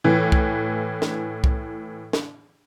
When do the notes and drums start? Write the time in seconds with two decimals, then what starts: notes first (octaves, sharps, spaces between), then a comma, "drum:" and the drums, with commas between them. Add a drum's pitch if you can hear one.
0.04 A2 E3
0.32 drum: kick C2
1.02 drum: snare
1.44 drum: kick C2
2.13 drum: snare